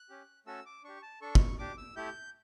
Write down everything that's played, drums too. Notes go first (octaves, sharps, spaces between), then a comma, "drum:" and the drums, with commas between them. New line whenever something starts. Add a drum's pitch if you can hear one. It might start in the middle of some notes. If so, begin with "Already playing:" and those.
Already playing: F#6
C#4 G4
A3 C#4 F#4 A4 E6
D6
D4 G4 C#6
A5
D4 A4 C#6
drum: kick
D4 G4 D6
E6
A3 E4 G4 G6